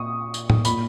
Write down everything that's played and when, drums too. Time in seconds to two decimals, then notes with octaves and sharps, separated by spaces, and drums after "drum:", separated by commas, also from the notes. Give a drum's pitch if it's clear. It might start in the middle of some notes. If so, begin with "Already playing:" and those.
Already playing: A#2 C#6 D#6
0.34 drum: tambourine
0.50 drum: tom A2
0.65 A#2 B5, drum: tambourine